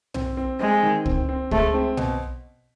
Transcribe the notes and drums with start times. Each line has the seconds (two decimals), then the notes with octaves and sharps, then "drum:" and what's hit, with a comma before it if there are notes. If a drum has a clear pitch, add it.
0.14 C4, drum: tom B1
0.37 C4
0.60 G#3 C4
0.83 D#3
1.06 C4, drum: kick
1.29 C4
1.51 G#3 A3, drum: kick
1.74 C4
1.97 B2, drum: tom B1